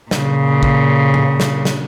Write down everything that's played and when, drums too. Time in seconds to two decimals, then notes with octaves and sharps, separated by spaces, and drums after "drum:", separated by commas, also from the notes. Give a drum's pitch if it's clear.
0.11 A#2 C#3, drum: snare
0.63 drum: kick
1.14 drum: tom A2
1.40 drum: snare
1.65 drum: snare